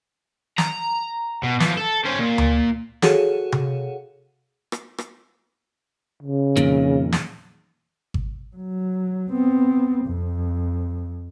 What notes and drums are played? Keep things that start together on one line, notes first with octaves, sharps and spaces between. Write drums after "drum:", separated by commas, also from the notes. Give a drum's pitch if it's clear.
A#5, drum: snare
B2
E3 F3, drum: snare
A4
C#4 C5
A#2
drum: tom D2
F#4 G#4 A4 C#5 F5 F#5, drum: snare
drum: tom C3
drum: rim click
drum: rim click
C#3
F2 A#2 D#3, drum: hi-hat
drum: snare
drum: kick G#1
F#3
B3 C4
F2